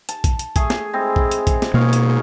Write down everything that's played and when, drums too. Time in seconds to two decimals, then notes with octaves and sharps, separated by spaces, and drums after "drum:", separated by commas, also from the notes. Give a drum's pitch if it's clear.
0.09 A5, drum: hi-hat
0.24 drum: kick A#1, hi-hat
0.39 drum: hi-hat
0.56 A3 G#4, drum: kick A#1, hi-hat
0.70 drum: snare
0.93 G#3 C4 E4
1.16 drum: kick A#1
1.31 drum: hi-hat
1.47 drum: kick A#1, hi-hat
1.62 drum: snare
1.74 B2 A#3 D#4 C#5 F5
1.93 drum: hi-hat